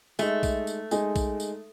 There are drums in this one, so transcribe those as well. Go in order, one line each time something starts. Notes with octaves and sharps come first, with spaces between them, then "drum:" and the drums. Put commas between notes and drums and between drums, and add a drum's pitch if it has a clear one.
G#3 A3 D#4 G#4, drum: tambourine
drum: kick, tambourine
drum: tambourine
G#3 D#4 G#4, drum: tambourine
drum: kick, tambourine
drum: tambourine